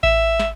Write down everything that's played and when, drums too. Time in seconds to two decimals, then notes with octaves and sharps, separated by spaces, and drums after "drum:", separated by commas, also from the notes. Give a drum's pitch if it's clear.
0.03 E5, drum: kick A1
0.40 drum: snare